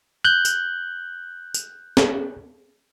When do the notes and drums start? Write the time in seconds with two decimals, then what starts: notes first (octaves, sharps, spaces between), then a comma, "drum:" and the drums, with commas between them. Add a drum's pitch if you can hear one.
0.25 F#6 G6
0.45 drum: tambourine
1.54 drum: tambourine
1.97 drum: snare